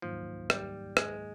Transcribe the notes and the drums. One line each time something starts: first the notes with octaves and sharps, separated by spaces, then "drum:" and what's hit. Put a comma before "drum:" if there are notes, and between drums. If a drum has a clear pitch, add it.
G#2 D#3 F3 F#3 A#3 D#4
G3, drum: rim click
G#3, drum: rim click